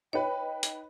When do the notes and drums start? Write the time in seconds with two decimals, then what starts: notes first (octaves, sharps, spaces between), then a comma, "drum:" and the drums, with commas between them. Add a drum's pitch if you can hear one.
0.13 D#4 B4 C#5 G5
0.63 drum: hi-hat